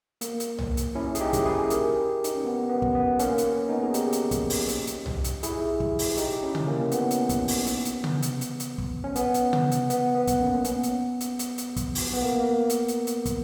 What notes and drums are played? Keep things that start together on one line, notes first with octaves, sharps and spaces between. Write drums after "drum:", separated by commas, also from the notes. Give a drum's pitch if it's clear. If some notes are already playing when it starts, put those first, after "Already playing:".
A#3, drum: hi-hat
drum: hi-hat
drum: tom B1
drum: hi-hat
C#4 E4
G#4, drum: hi-hat
D#4 G4
drum: kick, hi-hat
E4 G#4
G4 A#4, drum: hi-hat
D#4, drum: hi-hat
C#4
B3
B3
drum: kick
B3
A#3 C#4, drum: hi-hat
drum: hi-hat
B3 D#4
G#4
D#4 G4, drum: hi-hat
drum: hi-hat
drum: kick, hi-hat
drum: open hi-hat
drum: hi-hat
drum: hi-hat
drum: tom B1
drum: hi-hat
E4 G#4, drum: hi-hat
drum: kick
drum: open hi-hat
D#4 G4, drum: hi-hat
C#4 E4
drum: tom C3
A#3 C#4
B3, drum: hi-hat
drum: hi-hat
drum: kick, hi-hat
drum: open hi-hat
drum: hi-hat
drum: hi-hat
drum: tom C3
drum: hi-hat
drum: hi-hat
drum: hi-hat
drum: kick
C#4
B3, drum: hi-hat
drum: hi-hat
drum: tom C3
drum: hi-hat
B3, drum: hi-hat
B3
drum: kick, hi-hat
A#3 C#4
C#4
B3, drum: hi-hat
drum: hi-hat
drum: hi-hat
drum: hi-hat
drum: hi-hat
drum: kick, hi-hat
drum: open hi-hat
B3
A#3
A#3
drum: hi-hat
drum: hi-hat
drum: hi-hat
drum: kick, hi-hat